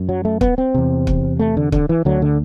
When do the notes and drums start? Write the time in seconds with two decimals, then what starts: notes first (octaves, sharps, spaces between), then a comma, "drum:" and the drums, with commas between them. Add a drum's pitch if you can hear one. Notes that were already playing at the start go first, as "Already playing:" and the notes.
Already playing: F#2
0.09 F#3
0.25 A3
0.41 B3, drum: kick
0.58 C4
0.74 E2 C3
1.07 drum: kick
1.39 A3
1.57 D3
1.72 D3, drum: kick
1.89 E3
2.05 D2 D3 F#3
2.22 D3